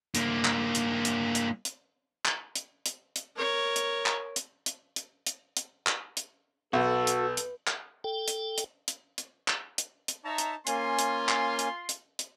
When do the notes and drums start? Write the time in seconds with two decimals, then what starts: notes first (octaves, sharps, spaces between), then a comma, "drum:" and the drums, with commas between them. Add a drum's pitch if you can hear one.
0.15 G2 A#3, drum: hi-hat
0.45 drum: clap
0.75 drum: hi-hat
1.05 drum: hi-hat
1.35 drum: hi-hat
1.65 drum: hi-hat
2.25 drum: clap
2.55 drum: hi-hat
2.86 drum: hi-hat
3.16 drum: hi-hat
3.36 A#4 C#5
3.76 drum: hi-hat
4.06 drum: clap
4.36 drum: hi-hat
4.66 drum: hi-hat
4.96 drum: hi-hat
5.26 drum: hi-hat
5.57 drum: hi-hat
5.87 drum: clap
6.17 drum: hi-hat
6.73 B1 F#4 A4 B4
7.07 drum: hi-hat
7.37 drum: hi-hat
7.67 drum: clap
8.04 A4 G5
8.28 drum: hi-hat
8.58 drum: hi-hat
8.88 drum: hi-hat
9.18 drum: hi-hat
9.48 drum: clap
9.78 drum: hi-hat
10.08 drum: hi-hat
10.25 D#4 C#5 E5 A5 A#5
10.38 drum: hi-hat
10.67 A#3 C#4 F4 G#5 C6, drum: hi-hat
10.99 drum: hi-hat
11.29 drum: clap
11.59 drum: hi-hat
11.89 drum: hi-hat
12.19 drum: hi-hat